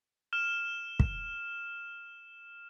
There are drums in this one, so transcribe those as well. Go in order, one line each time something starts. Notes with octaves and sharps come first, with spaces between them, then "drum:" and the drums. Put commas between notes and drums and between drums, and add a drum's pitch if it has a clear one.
F6 E7
drum: kick